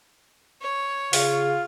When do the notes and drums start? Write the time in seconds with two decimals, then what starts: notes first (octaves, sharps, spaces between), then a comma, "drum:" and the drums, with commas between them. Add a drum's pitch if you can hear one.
0.62 C#5
1.13 C#3 F4, drum: open hi-hat